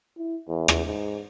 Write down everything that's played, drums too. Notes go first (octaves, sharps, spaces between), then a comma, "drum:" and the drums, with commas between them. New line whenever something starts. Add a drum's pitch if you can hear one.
E4
E2
drum: rim click
G#2